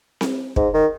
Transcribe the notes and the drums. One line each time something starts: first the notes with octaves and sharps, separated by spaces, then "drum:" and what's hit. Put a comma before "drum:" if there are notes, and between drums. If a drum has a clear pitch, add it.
drum: snare C4
G#2, drum: kick
D#3